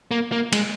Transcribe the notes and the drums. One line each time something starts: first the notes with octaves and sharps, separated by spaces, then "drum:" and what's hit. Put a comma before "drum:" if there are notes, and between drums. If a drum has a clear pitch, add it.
A#3
A#3
G#3, drum: cymbal